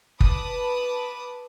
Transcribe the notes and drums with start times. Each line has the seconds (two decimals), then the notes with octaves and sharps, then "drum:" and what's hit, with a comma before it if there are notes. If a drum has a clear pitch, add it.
0.20 B4 A5 B5 D6 D#6, drum: kick